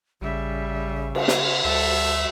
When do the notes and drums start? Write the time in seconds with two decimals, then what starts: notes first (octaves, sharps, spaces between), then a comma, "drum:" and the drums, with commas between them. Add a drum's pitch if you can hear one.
0.21 A1 C#3 G3 E5
1.15 drum: cymbal
1.28 drum: snare
1.65 D2 G3 A4 E5